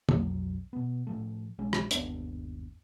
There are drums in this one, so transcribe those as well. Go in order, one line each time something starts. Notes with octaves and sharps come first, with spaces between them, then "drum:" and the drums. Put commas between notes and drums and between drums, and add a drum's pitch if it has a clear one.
B1 F2 F#3, drum: tom
B2 B3
A2 F3 A3
A#1 G#3 C#4
drum: rim click
G1 D#2 B3 D4, drum: hi-hat